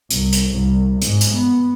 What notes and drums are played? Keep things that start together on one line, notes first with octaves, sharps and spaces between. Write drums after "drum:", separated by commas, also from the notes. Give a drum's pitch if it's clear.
C2, drum: hi-hat
drum: hi-hat
C2
G#2, drum: hi-hat
drum: hi-hat
B3